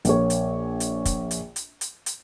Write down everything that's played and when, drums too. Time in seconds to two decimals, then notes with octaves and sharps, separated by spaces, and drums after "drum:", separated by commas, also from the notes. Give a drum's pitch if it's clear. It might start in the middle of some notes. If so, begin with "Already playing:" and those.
0.05 A#1 A#3 C#5, drum: hi-hat
0.30 drum: hi-hat
0.80 drum: hi-hat
1.05 drum: kick, hi-hat
1.31 drum: hi-hat
1.56 drum: hi-hat
1.81 drum: hi-hat
2.06 drum: hi-hat